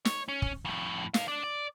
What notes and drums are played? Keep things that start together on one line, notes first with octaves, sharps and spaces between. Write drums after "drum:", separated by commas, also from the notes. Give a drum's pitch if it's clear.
C#5, drum: snare
C#4
drum: kick
F2 A2
B4 F5, drum: snare
D4 D5
D5